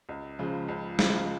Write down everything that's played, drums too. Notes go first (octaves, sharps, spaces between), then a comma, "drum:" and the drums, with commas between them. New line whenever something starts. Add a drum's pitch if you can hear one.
C#2
C#3 F3 G#3
C#2
C#3 F3 G#3, drum: snare